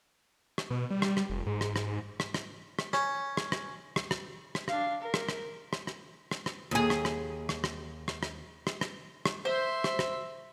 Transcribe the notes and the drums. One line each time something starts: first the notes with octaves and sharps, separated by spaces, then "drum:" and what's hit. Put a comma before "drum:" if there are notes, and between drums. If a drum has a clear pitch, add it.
drum: rim click
B2
G3
drum: rim click
drum: rim click
F1
G#2
drum: rim click
drum: rim click
drum: rim click
drum: rim click
drum: rim click
C#4, drum: rim click
drum: rim click
drum: rim click
drum: rim click
drum: rim click
drum: rim click
D4 F5, drum: rim click
A#4
drum: rim click
drum: rim click
drum: rim click
drum: rim click
drum: rim click
drum: rim click
D#2 G#4
drum: rim click
drum: rim click
drum: rim click
drum: rim click
drum: rim click
drum: rim click
drum: rim click
drum: rim click
drum: rim click
C5 E5 C6
drum: rim click
drum: rim click